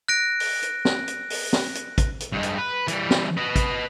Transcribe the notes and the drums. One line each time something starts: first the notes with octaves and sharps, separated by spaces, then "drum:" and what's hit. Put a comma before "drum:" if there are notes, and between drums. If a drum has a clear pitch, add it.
F#6 A#6 D7
drum: open hi-hat
drum: hi-hat
drum: snare
drum: hi-hat
drum: open hi-hat
drum: snare
drum: hi-hat
drum: kick, hi-hat
drum: hi-hat
G2 G#3
drum: hi-hat
B4
E3 G3, drum: hi-hat
drum: snare
B4 D#5
drum: kick, hi-hat